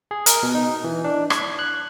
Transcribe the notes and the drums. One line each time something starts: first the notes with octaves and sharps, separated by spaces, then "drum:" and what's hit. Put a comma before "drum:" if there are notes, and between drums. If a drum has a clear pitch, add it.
G#4
A#4, drum: hi-hat
B2
D#4
E3
D4
G#6, drum: rim click
F#6